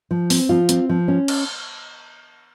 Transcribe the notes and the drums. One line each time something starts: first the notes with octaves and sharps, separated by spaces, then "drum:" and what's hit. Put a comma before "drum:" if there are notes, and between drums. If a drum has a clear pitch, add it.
F3
C4, drum: open hi-hat
F3 F4
C4, drum: hi-hat
F3
C#4
drum: cymbal